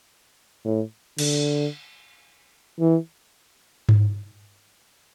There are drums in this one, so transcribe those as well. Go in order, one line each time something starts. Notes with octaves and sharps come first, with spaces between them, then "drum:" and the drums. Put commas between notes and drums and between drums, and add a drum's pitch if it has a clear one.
A2
D3, drum: cymbal
E3
drum: tom G#2